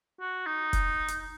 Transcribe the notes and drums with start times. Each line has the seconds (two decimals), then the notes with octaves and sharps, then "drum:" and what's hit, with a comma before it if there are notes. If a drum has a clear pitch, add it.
0.20 F#4
0.46 D#4
0.73 drum: kick, hi-hat
1.08 drum: hi-hat